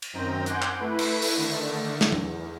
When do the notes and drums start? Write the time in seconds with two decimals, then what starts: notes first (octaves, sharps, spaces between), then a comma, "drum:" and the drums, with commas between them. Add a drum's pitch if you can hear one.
0.02 drum: cymbal
0.13 F#2 D#3 C4 A#5 G6 A#6
0.46 F#5 G#5 C6 D6 F#6 G6, drum: hi-hat
0.62 drum: clap
0.80 A3 E4 B4
0.99 drum: cymbal
1.22 drum: open hi-hat
1.37 D3 D#3 A3
2.01 drum: snare
2.12 E2, drum: tom